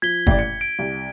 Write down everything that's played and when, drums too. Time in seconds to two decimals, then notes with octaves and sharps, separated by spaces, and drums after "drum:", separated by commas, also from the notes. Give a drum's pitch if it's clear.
0.02 F3 G#6 B6 G7
0.27 A1 D5, drum: kick
0.39 C#7
0.61 G#6 D7
0.79 C2